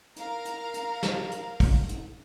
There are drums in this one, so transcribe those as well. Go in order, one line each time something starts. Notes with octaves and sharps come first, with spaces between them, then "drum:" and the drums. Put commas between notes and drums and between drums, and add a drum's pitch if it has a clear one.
A#4 F5 A#5, drum: hi-hat
drum: hi-hat
drum: hi-hat
drum: snare
drum: hi-hat
drum: kick, open hi-hat
drum: hi-hat